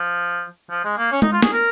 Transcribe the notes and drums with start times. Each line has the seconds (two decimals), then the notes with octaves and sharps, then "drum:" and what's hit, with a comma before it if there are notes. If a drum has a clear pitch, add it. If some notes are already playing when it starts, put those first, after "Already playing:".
Already playing: F3
0.70 F3
0.85 G#3
0.98 A#3
1.12 C#4
1.22 D#4, drum: tom G#3
1.33 F4
1.42 G#4, drum: snare
1.53 A#4